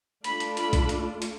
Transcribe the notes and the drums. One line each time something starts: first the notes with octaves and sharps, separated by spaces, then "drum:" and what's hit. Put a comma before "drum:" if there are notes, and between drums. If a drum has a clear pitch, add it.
A3 D4 F4 B5, drum: hi-hat
drum: hi-hat
B5, drum: hi-hat
drum: kick, hi-hat
drum: hi-hat
drum: hi-hat